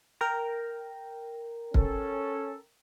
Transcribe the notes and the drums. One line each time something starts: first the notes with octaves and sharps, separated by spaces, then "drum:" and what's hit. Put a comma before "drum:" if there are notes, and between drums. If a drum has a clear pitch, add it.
A#4 G5 A#5
C#4 A4, drum: kick